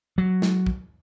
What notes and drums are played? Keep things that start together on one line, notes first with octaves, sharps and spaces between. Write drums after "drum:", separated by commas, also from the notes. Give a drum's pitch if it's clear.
F#3
drum: snare
drum: kick